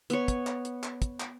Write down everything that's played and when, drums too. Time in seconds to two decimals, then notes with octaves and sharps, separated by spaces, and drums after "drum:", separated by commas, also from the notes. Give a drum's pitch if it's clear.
0.10 B3 C#5, drum: hi-hat
0.28 drum: kick, hi-hat
0.47 drum: clap
0.65 drum: hi-hat
0.83 drum: clap
1.02 drum: kick, hi-hat
1.20 drum: clap